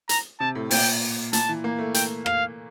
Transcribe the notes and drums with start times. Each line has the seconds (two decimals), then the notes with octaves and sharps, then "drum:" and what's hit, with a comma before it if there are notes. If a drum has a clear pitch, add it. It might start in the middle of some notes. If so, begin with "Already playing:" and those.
0.09 A#5, drum: hi-hat
0.40 C3 A5
0.55 A2
0.71 A#2 G5, drum: open hi-hat
1.33 A#2 A5, drum: hi-hat
1.49 E3
1.64 A#3
1.79 A3
1.94 G5, drum: hi-hat
2.26 F5, drum: rim click